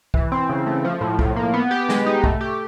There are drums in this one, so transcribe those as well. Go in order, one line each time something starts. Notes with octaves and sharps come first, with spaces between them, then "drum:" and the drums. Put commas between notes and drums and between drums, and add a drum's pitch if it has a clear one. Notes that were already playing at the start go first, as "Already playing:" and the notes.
E3, drum: kick
C4
C#3
A3
F3
A2
A2, drum: kick
A#3
B3
G4
G#3, drum: snare
D#4
A3, drum: kick
G4